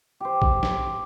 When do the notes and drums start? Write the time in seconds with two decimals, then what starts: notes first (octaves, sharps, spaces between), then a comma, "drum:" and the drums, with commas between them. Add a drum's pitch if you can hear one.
0.20 G4 C5
0.42 drum: kick A1
0.63 drum: snare